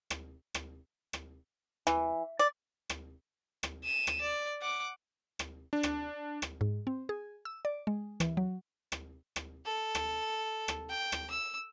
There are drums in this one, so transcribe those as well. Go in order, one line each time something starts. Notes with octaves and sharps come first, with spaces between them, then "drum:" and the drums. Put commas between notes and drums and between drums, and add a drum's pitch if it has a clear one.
drum: rim click
drum: rim click
drum: rim click
E3, drum: rim click
D5
drum: rim click
drum: rim click
D#7 E7
drum: rim click
D5
F#5 D6
drum: rim click
D4
drum: rim click
drum: rim click
G#2
C4
G#4
E6
D5
G#3
E3, drum: rim click
F#3
drum: rim click
drum: rim click
A4
drum: rim click
drum: rim click
G5
drum: rim click
E6